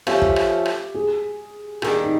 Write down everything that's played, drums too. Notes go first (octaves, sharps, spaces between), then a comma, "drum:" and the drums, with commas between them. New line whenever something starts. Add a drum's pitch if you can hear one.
F3 A3 C#4 G4, drum: rim click
drum: kick
drum: rim click
drum: rim click
G#4
D#2 D#3 G3 G#4, drum: rim click
D#4